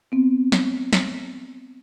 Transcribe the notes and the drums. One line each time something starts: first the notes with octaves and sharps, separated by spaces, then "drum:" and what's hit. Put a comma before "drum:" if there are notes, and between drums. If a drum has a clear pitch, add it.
B3 C4
drum: snare
drum: snare